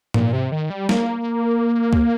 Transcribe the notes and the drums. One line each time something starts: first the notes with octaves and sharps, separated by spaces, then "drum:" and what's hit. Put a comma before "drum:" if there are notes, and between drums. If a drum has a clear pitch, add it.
A#2, drum: tom G#2
C3
D#3
G3
A#3, drum: snare
drum: kick C#2